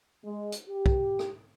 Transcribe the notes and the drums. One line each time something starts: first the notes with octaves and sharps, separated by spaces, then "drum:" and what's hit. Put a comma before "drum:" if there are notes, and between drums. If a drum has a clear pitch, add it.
G#3
drum: hi-hat
G4
drum: kick
drum: rim click